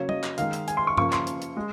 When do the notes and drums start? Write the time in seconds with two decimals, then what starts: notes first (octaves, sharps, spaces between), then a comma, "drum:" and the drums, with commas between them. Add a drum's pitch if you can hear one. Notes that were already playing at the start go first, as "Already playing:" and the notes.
Already playing: C#3 F#3 A#3 C#5
0.09 D#5, drum: tom
0.24 drum: clap
0.38 D#3 G#3 F5, drum: hi-hat
0.53 drum: hi-hat
0.68 G#5, drum: hi-hat
0.77 C6
0.87 C#6
0.97 C#3 F3 A#3 C#6, drum: tom G2
1.13 C6, drum: clap
1.27 drum: hi-hat
1.42 drum: hi-hat
1.57 G#3